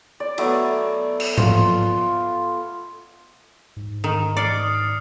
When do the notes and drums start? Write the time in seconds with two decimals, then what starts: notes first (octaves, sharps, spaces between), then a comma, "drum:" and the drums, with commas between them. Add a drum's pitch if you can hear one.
0.20 D5
0.38 F#3 A3 B3 D5, drum: cymbal
1.20 drum: cymbal
1.38 F4, drum: tom G#2
3.77 G#2
4.04 D#3
4.37 D5 F6 C7 C#7
4.59 D#6